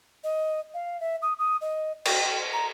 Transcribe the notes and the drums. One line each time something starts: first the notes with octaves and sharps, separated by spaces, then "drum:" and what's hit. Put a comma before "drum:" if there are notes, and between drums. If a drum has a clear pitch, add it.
D#5
F5
E5
D#6
D#6
D#5
G5, drum: cymbal
A#5